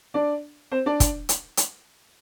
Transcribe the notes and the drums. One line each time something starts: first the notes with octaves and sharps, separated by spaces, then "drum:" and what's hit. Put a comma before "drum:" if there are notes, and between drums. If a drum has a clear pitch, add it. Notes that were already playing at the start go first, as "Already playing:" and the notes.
D4 D5
C4 C5
D4 D5
drum: kick, hi-hat
drum: hi-hat
drum: hi-hat